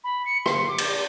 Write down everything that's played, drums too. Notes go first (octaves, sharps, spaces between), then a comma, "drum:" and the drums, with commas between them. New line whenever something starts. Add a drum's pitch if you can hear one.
B5
C#7
C6, drum: rim click
D6
drum: cymbal